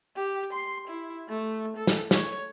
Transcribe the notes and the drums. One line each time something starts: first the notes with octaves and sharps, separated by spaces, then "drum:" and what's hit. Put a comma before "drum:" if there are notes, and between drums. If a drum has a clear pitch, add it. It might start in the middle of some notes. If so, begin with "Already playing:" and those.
G4
C6
E4
A3
A4
drum: snare
C#5, drum: snare